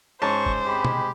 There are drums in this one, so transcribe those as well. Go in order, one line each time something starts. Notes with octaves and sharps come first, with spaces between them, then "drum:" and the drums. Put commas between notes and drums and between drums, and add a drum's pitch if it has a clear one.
G#2 C#4 C5 A5 C#6
drum: kick
G#3 C4 G4 B5
drum: tom B2